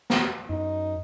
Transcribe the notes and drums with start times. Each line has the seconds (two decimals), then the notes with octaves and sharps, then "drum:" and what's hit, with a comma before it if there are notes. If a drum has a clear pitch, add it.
0.10 drum: snare
0.49 F#2 D#4